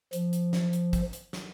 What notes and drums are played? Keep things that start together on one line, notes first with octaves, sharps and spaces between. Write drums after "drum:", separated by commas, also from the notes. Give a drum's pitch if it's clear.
F3, drum: hi-hat
drum: hi-hat
drum: snare
drum: hi-hat
drum: kick, hi-hat
drum: hi-hat
drum: snare